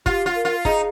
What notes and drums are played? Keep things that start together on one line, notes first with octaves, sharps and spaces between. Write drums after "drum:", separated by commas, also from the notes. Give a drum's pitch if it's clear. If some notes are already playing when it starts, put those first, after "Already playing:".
F4 G4, drum: kick
F4
A#4
F4
D#4 G#4, drum: kick